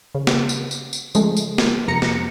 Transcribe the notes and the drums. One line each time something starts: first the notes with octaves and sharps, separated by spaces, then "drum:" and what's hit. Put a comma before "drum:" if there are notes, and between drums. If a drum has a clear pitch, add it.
C#3
drum: snare
drum: tambourine
drum: tambourine
drum: tambourine
C#3 F3 G#3 A3, drum: tambourine
drum: tambourine
drum: snare
F2 C3 A#5 A#6 C#7
drum: snare